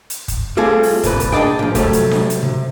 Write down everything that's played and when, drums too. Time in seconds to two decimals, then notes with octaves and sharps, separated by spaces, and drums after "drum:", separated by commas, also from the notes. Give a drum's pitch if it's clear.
0.10 drum: hi-hat
0.28 drum: kick, hi-hat
0.57 G3 A3 C4 F4 G#4 A4
0.83 drum: open hi-hat
1.03 C2 A#2 B4, drum: kick, hi-hat
1.20 drum: kick, hi-hat
1.32 D4 G#4 D5 D#5 G5
1.59 A#2 F3
1.75 C3 F#3 G3 A3, drum: kick, hi-hat
1.93 drum: hi-hat
2.11 drum: snare D4
2.30 drum: hi-hat
2.43 C3